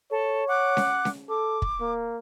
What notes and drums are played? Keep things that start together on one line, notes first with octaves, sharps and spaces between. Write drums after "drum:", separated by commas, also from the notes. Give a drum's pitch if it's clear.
A4 C#5
F#5 D6 F#6
drum: snare C#4
drum: snare C#4
A4 D6
drum: kick
A#3